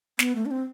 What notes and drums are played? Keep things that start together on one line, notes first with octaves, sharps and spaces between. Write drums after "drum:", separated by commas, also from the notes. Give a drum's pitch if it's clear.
B3, drum: snare
A3
D4
C4